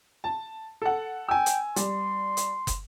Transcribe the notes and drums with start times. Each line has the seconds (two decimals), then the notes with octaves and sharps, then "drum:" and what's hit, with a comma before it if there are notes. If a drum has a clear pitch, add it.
0.24 A5
0.82 A4 F#5
1.29 G5 G#5 E6
1.46 drum: hi-hat
1.76 G3 C6, drum: hi-hat
2.37 drum: hi-hat
2.67 drum: kick, hi-hat